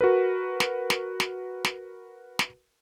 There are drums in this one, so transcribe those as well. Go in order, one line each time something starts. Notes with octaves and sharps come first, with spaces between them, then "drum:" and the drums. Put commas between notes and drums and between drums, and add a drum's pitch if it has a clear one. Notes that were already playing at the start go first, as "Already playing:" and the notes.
F#4 A#4 B4
drum: snare
drum: snare
drum: snare
drum: snare
drum: snare